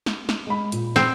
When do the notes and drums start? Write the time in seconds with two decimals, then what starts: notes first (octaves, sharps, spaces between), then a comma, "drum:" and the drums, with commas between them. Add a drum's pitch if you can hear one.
0.06 drum: snare
0.29 drum: snare
0.47 G#3 B5
0.72 A#2, drum: hi-hat
0.96 C4, drum: snare